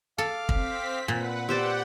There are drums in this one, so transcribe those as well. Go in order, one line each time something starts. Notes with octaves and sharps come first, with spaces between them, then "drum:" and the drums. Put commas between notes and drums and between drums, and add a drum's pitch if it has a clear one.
A4 F5 D6 F6
C4 B6, drum: kick
A#2 B4 F#5
G4 C5 D5 F#5 G5 C6 E6